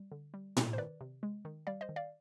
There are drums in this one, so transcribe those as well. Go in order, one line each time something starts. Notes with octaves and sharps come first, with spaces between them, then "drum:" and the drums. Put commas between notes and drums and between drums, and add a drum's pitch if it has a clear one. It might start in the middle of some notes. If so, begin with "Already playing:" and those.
Already playing: G3
D3
G3
B2, drum: tom A2
C5
D#3 B4 D5
C3
G#3
D#3
G3 D5 F5
C5 D#5
D#3
D5 F5